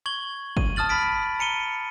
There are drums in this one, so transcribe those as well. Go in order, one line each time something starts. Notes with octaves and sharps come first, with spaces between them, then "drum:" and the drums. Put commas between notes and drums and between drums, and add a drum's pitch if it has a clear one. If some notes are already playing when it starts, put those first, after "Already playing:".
C#6 G#6 F#7 G7
D#7, drum: kick
A5 D#6 F6 A6 F#7
B5 A6 B6 D7
A#5 C#7 D#7 G7